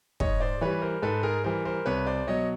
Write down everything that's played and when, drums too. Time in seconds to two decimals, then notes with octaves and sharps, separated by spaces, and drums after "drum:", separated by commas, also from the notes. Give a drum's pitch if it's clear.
0.20 G#2 C#5 D#5, drum: kick
0.40 C5 D5
0.61 E3 G3 B4 C#5
0.82 A#4 C5
1.02 G#2 A4 B4
1.23 G#4 A#4
1.44 E3 G3 A#4 C5
1.65 A#4 C5
1.86 C2 B4 C#5
2.07 C5 D5
2.27 B2 F#3 C#5 D#5